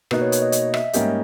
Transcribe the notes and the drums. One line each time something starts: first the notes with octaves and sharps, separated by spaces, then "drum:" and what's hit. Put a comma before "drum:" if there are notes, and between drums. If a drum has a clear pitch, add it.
B2 A#3 D#4 B4, drum: rim click
C#5
C#5, drum: hi-hat
D#5
D#5, drum: hi-hat
E5, drum: rim click
G#2 G3 A#3 C#4 G4 D#5, drum: hi-hat